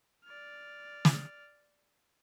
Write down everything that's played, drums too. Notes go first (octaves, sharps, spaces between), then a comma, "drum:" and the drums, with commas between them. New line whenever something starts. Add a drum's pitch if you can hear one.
D5 F6
drum: snare